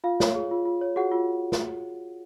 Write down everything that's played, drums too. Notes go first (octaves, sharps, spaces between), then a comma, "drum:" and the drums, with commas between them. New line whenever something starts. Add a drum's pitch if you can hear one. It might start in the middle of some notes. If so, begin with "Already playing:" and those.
F4 F5
C#5, drum: snare
G#4
F4
F4
C#5
F#4 G#4 F#5
F4
drum: snare